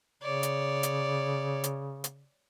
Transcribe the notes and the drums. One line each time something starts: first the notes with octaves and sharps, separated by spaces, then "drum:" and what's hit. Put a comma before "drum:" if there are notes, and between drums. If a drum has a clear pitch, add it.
C#3 C#5 D5
drum: hi-hat
drum: hi-hat
drum: hi-hat
drum: hi-hat